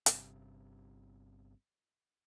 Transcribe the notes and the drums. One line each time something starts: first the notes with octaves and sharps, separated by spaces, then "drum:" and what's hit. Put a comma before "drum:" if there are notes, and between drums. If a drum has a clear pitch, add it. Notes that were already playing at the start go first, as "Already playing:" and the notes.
G1 G2 C3, drum: hi-hat